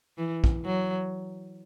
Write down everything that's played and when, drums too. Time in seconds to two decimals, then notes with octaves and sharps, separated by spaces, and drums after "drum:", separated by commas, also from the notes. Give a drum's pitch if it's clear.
0.18 E3
0.44 drum: kick A#1
0.65 F#3